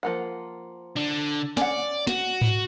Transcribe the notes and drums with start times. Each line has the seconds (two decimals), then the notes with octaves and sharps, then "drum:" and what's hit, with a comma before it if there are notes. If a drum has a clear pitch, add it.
0.03 F3 A#3 F#5
0.97 D3 D4
1.57 C#4 D5 F#5, drum: snare
2.07 F#4, drum: snare
2.41 drum: tom G#2